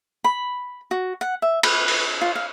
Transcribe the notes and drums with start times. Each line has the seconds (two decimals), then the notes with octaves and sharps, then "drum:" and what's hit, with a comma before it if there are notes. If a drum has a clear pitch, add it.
0.24 B5
0.91 F#4
1.21 F#5
1.42 E5
1.63 B4, drum: cymbal
1.88 drum: open hi-hat
2.21 F4
2.35 F5